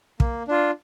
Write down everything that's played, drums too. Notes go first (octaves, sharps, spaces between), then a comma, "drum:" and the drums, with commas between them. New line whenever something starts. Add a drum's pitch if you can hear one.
A#3, drum: kick
D4 F4